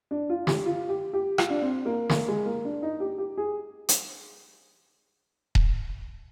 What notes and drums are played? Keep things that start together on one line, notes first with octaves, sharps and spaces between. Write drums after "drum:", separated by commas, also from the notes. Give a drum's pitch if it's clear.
D4
F4
G4, drum: snare
F4
G4
G4
F4, drum: rim click
D4
C4
A#3
A#3, drum: snare
G#3
A#3
D4
D#4
G4
G4
G#4
drum: hi-hat
drum: kick D#1